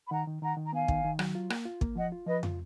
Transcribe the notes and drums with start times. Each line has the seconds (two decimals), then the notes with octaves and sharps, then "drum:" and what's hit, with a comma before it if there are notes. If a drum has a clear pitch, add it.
0.07 B5
0.11 D#3 F#5 A#5
0.27 D#3
0.42 D#3 F#5 A#5
0.57 D#3
0.66 A#5
0.73 B3 F5 G#5
0.88 D#3, drum: kick
1.04 D#3
1.19 F#3, drum: rim click
1.35 F4
1.50 A#3, drum: rim click
1.65 F4
1.81 A#3, drum: kick
1.95 F3 D#5 F#5
2.12 F4
2.26 F3 B4 D#5
2.43 F4, drum: tom